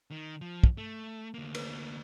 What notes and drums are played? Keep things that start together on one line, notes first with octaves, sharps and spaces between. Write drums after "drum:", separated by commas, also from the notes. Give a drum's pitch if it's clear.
D#3
F3
drum: kick
A3
D2 A#3
drum: cymbal